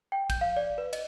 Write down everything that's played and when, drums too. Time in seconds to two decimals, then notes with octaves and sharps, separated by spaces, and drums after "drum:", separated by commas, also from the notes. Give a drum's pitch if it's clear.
0.12 G5
0.30 G6, drum: kick, cymbal
0.41 F5
0.57 D5
0.78 B4
0.93 D#5, drum: cymbal